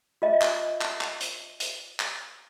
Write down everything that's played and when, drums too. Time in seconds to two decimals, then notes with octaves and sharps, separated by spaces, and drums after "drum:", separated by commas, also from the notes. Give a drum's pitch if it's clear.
0.22 F4 D#5 E5
0.42 drum: clap
0.81 drum: clap
1.01 drum: clap
1.21 drum: hi-hat
1.60 drum: hi-hat
2.00 drum: clap